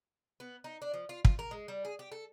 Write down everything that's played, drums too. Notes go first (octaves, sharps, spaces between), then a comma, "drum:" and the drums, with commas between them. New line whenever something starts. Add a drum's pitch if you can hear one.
B3
D#4
D4
F3
F4
F4, drum: kick
A#4
G#3
G3
G#4
G4
A4